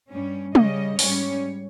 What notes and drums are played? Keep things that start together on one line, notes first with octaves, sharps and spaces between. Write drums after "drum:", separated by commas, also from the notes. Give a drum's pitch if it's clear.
G2 G3 C#4
C#3 G3 C#4 D#5, drum: tom
G#2 G3 C#4 C#5, drum: open hi-hat